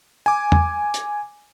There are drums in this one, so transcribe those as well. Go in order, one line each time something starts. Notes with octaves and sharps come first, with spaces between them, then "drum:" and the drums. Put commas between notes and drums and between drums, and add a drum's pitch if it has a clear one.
G#5 D6
drum: tom
drum: hi-hat